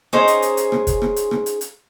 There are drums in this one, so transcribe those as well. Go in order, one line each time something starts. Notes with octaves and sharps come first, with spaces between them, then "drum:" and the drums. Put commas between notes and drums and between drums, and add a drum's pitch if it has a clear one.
C#4 D#4 G#4 C5, drum: rim click
drum: hi-hat
drum: hi-hat
drum: hi-hat
drum: rim click
drum: kick, hi-hat
drum: rim click
drum: hi-hat
drum: rim click
drum: hi-hat
drum: hi-hat